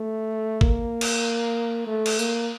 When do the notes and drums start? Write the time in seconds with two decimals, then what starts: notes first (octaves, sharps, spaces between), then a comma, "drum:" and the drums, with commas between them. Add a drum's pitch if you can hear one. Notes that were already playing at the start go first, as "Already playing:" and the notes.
Already playing: A3
0.61 A#3, drum: kick G#1
1.01 drum: cymbal
1.87 A3
2.06 drum: cymbal
2.19 A#3, drum: tambourine